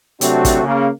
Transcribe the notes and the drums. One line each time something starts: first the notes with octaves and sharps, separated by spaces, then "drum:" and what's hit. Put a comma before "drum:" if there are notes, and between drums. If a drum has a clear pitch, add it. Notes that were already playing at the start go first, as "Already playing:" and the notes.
C3 F#3 A3 C4 D4 F#4, drum: hi-hat
drum: kick, hi-hat
C#3 A#3